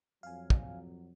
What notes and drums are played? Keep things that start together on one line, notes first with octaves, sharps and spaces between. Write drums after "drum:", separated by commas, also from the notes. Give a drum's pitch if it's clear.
F2 F#3 F5 G#5
drum: kick